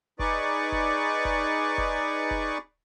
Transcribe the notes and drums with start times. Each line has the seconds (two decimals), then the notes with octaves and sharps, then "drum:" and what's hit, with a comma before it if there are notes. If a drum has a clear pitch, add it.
0.19 D#4 G#4 B4 D5 C#6 D6, drum: kick F1
0.72 drum: kick F1
1.25 drum: kick F1
1.78 drum: kick F1
2.31 drum: kick F1